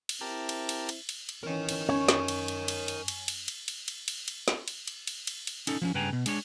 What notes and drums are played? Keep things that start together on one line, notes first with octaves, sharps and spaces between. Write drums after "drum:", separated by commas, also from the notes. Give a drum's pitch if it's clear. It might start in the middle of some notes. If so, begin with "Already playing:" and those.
drum: cymbal
C4 E4 G4 A#4 A5
drum: cymbal
drum: cymbal
drum: cymbal
drum: cymbal
drum: cymbal
E3 C#4 A#4 D#5
drum: cymbal
F#2 C#4 C#5
drum: snare
drum: cymbal
drum: cymbal
drum: cymbal
drum: cymbal
drum: cymbal
drum: cymbal
drum: cymbal
drum: cymbal
drum: cymbal
drum: cymbal
drum: cymbal
drum: snare
drum: cymbal
drum: cymbal
drum: cymbal
drum: cymbal
drum: cymbal
C#4 D#4 A4, drum: cymbal
F3 B3 C#4
G2 C#3 B4 G5 G#5 A#5
B2
G#3 D4 C#5, drum: cymbal